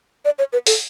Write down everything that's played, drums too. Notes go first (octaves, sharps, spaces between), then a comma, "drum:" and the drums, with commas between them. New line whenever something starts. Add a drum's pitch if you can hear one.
D5
C#5
B4
A4, drum: open hi-hat